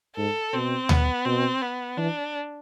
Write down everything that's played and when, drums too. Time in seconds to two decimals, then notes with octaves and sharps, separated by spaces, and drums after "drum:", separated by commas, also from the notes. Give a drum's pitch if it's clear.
0.17 G#2 A4
0.53 B2 C4
0.89 B3, drum: tom D2
1.25 B2 C4
1.62 B3
1.97 E3 D4